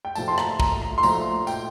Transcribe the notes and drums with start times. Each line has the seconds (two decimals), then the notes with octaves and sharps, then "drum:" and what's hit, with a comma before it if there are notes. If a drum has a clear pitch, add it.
0.05 G5
0.15 A#2 F3 A3 A5, drum: tambourine
0.28 C6
0.38 A#5, drum: rim click
0.60 A#5, drum: kick
0.82 A#5
0.98 C6
1.03 A#2 F3 A3 A#5, drum: tambourine
1.47 G5, drum: tambourine